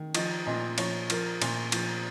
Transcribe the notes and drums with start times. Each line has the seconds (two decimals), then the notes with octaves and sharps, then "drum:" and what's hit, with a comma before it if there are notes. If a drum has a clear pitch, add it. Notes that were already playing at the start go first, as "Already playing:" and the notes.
Already playing: D#3
0.15 F3 D#5, drum: cymbal
0.46 A#2 D#5
0.78 F3 C#5, drum: cymbal
1.10 F3 A#4, drum: cymbal
1.42 A#2, drum: cymbal
1.72 F3, drum: cymbal